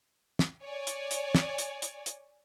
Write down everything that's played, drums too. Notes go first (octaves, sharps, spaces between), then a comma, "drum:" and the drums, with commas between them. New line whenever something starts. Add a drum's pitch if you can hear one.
drum: snare
C#5 D5 G#5
drum: hi-hat
drum: hi-hat
drum: snare
drum: hi-hat
drum: hi-hat
drum: hi-hat